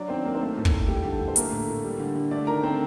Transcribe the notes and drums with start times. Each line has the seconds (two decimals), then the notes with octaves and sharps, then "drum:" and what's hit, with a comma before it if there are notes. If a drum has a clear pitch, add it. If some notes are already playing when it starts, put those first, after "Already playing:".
Already playing: F#3 D4 D5
0.08 D#3 C4 C5
0.24 D#3 A#3 A#4
0.35 C5
0.41 A3 A#3 A#4
0.57 A2
0.65 A4, drum: kick
0.72 A2
0.88 G3 G4
1.02 D3 G4
1.12 A4
1.20 D3
1.28 C5
1.36 A3 A#3 A#4, drum: hi-hat
1.52 A2
1.68 A2
1.84 G3
2.00 D3
2.15 D3
2.31 A3 D4 D5
2.47 D#3 A#4 A#5
2.63 D#3 C4 C5